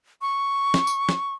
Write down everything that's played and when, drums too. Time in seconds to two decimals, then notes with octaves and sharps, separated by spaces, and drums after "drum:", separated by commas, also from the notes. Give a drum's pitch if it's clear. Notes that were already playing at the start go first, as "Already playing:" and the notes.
0.22 C#6
0.74 drum: snare
0.87 drum: tambourine
1.09 drum: snare